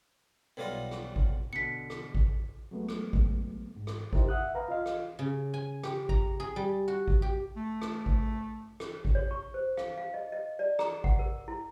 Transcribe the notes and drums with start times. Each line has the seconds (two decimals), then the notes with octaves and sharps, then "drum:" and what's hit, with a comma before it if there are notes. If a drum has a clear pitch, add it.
0.57 B1 F#3 G3 F4 D#5
0.91 drum: rim click
1.16 drum: kick G#1
1.53 B2 D3 B6 C#7
1.90 drum: rim click
2.15 drum: kick G#1
2.71 F#3 G#3 A3 B3
2.89 drum: rim click
3.13 drum: kick G#1
3.76 G#2
3.87 drum: rim click
4.13 D#4 E4 G4 A#4 C5, drum: kick G#1
4.29 E5 F#5 D#6 F#6
4.55 B4 F5 A#5
4.68 F4 D#5 F5
4.86 drum: rim click
5.19 C#3
5.54 G#5
5.83 G4, drum: rim click
6.09 A#5, drum: kick G#1
6.40 G#4
6.56 G3
6.88 F#4
7.08 drum: kick G#1
7.22 G4
7.57 A3
7.82 drum: rim click
8.06 drum: kick G#1
8.80 drum: rim click
9.05 drum: kick G#1
9.15 C#5
9.31 C#6
9.54 C5
9.77 F5, drum: rim click
9.97 F5
10.14 D#5
10.32 D#5
10.59 D5
10.79 A#5, drum: rim click
11.04 F#5, drum: kick G#1
11.19 A#4
11.48 E4